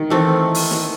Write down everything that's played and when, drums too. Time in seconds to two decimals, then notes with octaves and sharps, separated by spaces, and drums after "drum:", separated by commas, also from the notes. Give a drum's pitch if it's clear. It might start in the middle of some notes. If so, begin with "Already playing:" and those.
Already playing: D#3
0.10 E3 A3 C4
0.55 drum: open hi-hat
0.71 drum: snare